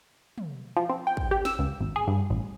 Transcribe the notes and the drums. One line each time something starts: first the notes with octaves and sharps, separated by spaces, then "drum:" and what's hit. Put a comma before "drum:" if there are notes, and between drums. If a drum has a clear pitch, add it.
drum: tom
F3
C4
G5
drum: kick
G4
E6, drum: snare
C#2
G#1
G#4
G2
A1